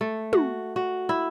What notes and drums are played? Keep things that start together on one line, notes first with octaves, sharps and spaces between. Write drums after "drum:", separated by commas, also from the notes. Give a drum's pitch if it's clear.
A3
F#4, drum: tom
F#4
E4